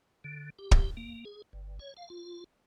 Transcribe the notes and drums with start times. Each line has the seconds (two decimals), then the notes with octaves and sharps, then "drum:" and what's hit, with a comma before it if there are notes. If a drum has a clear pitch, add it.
0.24 D3
0.59 G4
0.71 drum: kick
0.97 A#3
1.25 G#4
1.53 G1
1.80 C#5
1.97 F5
2.10 F4